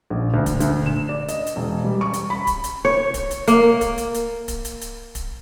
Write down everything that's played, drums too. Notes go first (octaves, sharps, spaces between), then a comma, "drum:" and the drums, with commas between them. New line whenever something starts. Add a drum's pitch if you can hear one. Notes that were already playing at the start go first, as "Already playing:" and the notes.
A#1
D2
drum: kick D1, hi-hat
D2, drum: hi-hat
E7
D5
D#5, drum: hi-hat
drum: hi-hat
E1
G3
C#6
drum: hi-hat
B5
drum: kick D1, hi-hat
drum: hi-hat
C#5
drum: kick D1, hi-hat
drum: hi-hat
A#3, drum: hi-hat
drum: kick D1, hi-hat
drum: hi-hat
drum: hi-hat
drum: kick D1, hi-hat
drum: hi-hat
drum: hi-hat
drum: kick D1, hi-hat